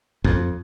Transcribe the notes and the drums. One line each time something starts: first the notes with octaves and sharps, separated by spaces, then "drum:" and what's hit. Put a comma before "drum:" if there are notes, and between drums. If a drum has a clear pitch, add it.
F2, drum: kick